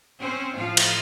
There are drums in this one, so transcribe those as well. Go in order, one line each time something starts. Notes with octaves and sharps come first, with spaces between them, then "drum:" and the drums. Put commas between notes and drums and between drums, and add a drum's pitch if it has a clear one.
C4 C#4 C5
A2 F3 F4 F5
drum: cymbal